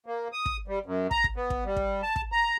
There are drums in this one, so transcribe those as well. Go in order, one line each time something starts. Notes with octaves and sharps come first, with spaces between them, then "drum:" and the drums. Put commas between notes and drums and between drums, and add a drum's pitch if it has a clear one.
A#3
D#6
drum: kick
G3
F#2
A#5, drum: kick
drum: kick
B3
drum: kick
G3
drum: kick
A5
drum: kick
A#5